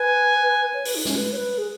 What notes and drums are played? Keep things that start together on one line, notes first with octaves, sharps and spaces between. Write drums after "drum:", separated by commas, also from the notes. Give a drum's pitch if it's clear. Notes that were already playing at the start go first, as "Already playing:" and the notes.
Already playing: B4 G#5
C#5
B4, drum: open hi-hat
D#4
C#4, drum: snare
B4
C#5
B4
G#4